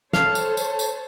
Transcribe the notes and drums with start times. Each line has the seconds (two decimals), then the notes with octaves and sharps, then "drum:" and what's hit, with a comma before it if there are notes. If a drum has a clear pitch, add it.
0.13 A4 C5 C#5 F5 A5, drum: snare
0.35 drum: tambourine
0.57 drum: tambourine
0.79 drum: tambourine